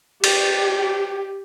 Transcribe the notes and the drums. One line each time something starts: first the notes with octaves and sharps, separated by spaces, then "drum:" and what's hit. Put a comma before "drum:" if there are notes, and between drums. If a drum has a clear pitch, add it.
G4, drum: cymbal